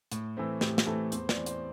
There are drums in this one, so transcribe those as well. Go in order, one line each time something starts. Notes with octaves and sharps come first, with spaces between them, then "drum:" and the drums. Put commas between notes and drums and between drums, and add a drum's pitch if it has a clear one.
A2, drum: hi-hat
E3 A3 C4
A2 G4, drum: snare
G4, drum: snare
E3 A3 C4 A4
E2 C5, drum: hi-hat
D5, drum: snare
E3 C4
C5, drum: hi-hat